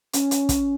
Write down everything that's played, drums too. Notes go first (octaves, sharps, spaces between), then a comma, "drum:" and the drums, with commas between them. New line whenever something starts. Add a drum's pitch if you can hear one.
C#4, drum: hi-hat
drum: hi-hat
drum: kick, hi-hat